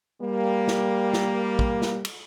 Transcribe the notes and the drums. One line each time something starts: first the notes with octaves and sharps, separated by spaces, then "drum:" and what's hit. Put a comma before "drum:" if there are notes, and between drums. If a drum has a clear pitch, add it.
G3 A#3
drum: snare
drum: snare
drum: kick
drum: snare
drum: cymbal